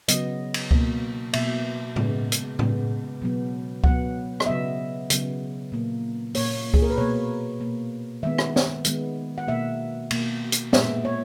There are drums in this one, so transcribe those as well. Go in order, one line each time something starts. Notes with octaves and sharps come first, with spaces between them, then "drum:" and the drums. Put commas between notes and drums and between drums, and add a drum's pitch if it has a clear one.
C#3 F#3 B3 D#5, drum: hi-hat
drum: cymbal
B2 A#3, drum: kick C#2
B2 A#3 E5, drum: cymbal
C#3 G#3 B3, drum: tom A2
drum: hi-hat
C#3 G#3 B3, drum: tom A2
B2 F#3 B3
B2 F#3 B3 F#5, drum: kick C#2
D#5, drum: rim click
C#3 F#3 B3 E5
C#3 F#3 B3, drum: hi-hat
A#2 A#3
A#2 A#3 C#5, drum: open hi-hat
G#4, drum: kick C#2
A#4
B4
B2 A#3 C#5
B2 A#3
D#3 G#3 B3 E5
drum: rim click
drum: snare
D#3 G#3 B3, drum: hi-hat
F#5
B2 A#3 E5
B2 A#3, drum: cymbal
drum: hi-hat
A#2 G#3 B3 E5, drum: snare
C#5